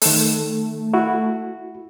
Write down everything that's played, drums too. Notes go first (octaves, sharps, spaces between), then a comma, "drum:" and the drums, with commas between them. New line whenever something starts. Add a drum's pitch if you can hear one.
D#3 A3 A4, drum: open hi-hat
E4 F#4